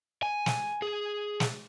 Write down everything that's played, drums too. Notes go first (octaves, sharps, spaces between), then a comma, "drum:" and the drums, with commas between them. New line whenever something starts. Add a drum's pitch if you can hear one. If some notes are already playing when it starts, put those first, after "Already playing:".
G#5
drum: snare
G#4
drum: snare